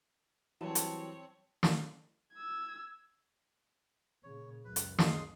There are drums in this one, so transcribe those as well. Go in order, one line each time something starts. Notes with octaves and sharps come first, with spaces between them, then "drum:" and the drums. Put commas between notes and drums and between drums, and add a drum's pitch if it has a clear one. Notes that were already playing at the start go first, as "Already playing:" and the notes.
E3 F#3 G3 C4 C#5 A5
drum: hi-hat
drum: snare
E6 G#6
A#2 C#3 C#5
C#2 F#2 B4
drum: hi-hat
G#3 C6 D#6, drum: snare